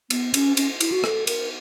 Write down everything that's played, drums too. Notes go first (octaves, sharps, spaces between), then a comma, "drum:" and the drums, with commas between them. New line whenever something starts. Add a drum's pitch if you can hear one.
B3, drum: cymbal
C#4, drum: cymbal
C#4, drum: cymbal
E4, drum: cymbal
F#4
A4, drum: rim click
A#4, drum: cymbal